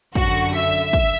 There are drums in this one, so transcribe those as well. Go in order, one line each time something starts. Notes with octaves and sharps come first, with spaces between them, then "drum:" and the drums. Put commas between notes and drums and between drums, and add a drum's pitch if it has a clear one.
F#2 D3 F#4, drum: kick
E5
drum: kick